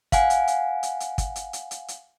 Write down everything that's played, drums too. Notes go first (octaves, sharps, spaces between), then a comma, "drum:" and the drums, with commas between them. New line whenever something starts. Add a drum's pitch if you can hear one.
F5 F#5 G#5, drum: kick, hi-hat
drum: hi-hat
drum: hi-hat
drum: hi-hat
drum: hi-hat
drum: kick, hi-hat
drum: hi-hat
drum: hi-hat
drum: hi-hat
drum: hi-hat